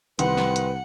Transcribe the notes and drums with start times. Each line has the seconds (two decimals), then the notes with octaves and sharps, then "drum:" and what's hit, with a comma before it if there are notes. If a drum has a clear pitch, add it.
0.19 C2 D#3 B4 F#5 C6, drum: hi-hat
0.37 drum: snare
0.56 drum: hi-hat